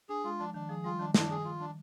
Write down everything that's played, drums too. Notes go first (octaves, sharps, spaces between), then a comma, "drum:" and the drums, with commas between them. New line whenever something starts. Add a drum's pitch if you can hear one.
D4 G#4
G#3 F4
F3 D4
D#3 D4
F3 G#4
G3 F4
D#3 D4
D#3 D4, drum: snare
G#4
F4
D4